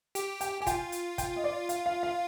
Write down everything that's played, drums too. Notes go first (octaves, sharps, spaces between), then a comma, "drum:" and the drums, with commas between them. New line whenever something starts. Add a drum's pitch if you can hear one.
G4, drum: hi-hat
G5, drum: hi-hat
G4 G#5
F4 G5, drum: kick, hi-hat
drum: hi-hat
G5, drum: kick, hi-hat
D#5
D5
F5, drum: hi-hat
F5
F5